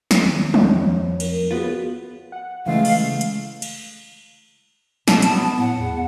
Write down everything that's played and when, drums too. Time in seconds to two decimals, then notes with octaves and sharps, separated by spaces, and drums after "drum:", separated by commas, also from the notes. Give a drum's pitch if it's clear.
0.11 drum: snare
0.25 D#2
0.54 C#5, drum: tom
0.73 F2
1.20 A#4, drum: cymbal
1.51 B3 F4 F#4 G#4
2.32 F#5
2.66 C#3 E3 G#3 A3 F5
2.85 drum: cymbal
3.21 drum: hi-hat
3.62 drum: cymbal
5.08 B2 A5, drum: snare
5.22 B3, drum: hi-hat
5.59 A2 F#5
5.76 E2